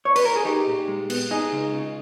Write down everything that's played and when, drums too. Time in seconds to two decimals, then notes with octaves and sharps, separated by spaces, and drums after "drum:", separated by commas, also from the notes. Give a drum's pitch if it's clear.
0.05 C#5
0.16 B4, drum: cymbal
0.25 A#4
0.36 G#4
0.45 D#4 G4
0.67 A#2
0.88 G#3
1.10 B3, drum: cymbal
1.31 D#4 G#4
1.52 C#2
1.73 C#3